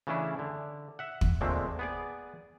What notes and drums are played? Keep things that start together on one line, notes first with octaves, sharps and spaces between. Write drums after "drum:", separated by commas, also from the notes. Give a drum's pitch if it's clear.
C#3 E3 A3 C#4 D4 E4
D3
E5 F#5
drum: kick
A#2 D3 G#3 A3 C4
B3 G#4 D5